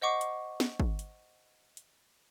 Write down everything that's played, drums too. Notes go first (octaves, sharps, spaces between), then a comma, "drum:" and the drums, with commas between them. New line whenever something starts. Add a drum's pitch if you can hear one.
C5 D#5 F#5 C#6 D6 C7
drum: hi-hat
drum: snare
drum: kick
drum: hi-hat
drum: hi-hat